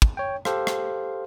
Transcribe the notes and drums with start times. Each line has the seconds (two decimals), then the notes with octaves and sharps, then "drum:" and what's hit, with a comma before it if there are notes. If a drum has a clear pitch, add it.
0.02 drum: kick
0.17 C#5 G5
0.45 G4 A4 C5 F5, drum: rim click
0.67 drum: rim click